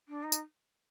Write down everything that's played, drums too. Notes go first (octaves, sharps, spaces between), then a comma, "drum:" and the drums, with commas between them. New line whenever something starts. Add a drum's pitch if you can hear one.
D4
D#4
drum: tambourine